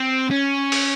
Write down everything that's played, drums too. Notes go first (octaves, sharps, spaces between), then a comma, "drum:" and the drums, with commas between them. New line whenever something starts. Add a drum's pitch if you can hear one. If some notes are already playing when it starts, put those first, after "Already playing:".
Already playing: C4
C#4
drum: open hi-hat